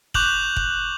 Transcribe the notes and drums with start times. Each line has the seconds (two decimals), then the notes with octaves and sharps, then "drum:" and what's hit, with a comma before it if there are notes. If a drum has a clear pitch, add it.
0.14 C#6 D6 F#6 G6 F7 F#7, drum: kick
0.56 drum: kick